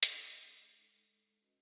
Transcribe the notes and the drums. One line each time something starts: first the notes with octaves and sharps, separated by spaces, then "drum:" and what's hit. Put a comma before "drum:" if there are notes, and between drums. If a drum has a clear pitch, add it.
G#3 C#4 G#4 C#5, drum: hi-hat
G#3 D#4 A4
C#4 F#4 B4 D#5